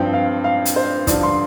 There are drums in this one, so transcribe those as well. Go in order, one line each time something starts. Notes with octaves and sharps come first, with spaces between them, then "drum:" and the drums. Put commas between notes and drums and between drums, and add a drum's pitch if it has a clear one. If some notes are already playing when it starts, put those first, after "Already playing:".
Already playing: G2 F3 C4 G5
F5
F5
drum: hi-hat
C5
G2 D3 F3 D5, drum: kick, hi-hat
C6